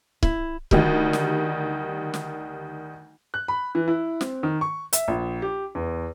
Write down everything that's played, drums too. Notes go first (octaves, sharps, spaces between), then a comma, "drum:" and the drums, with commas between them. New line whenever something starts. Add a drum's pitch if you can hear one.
E4, drum: kick
D2 D#3 G3, drum: kick
drum: snare
drum: snare
F#6
B5
E3
E4
C4, drum: snare
D#3
C#6
E5, drum: hi-hat
A#1
G4
E2